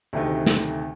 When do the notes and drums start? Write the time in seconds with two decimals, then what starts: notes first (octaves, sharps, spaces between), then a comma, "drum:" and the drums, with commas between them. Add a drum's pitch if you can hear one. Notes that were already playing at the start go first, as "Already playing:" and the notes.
0.13 D2 C3 D#3 A3
0.47 drum: snare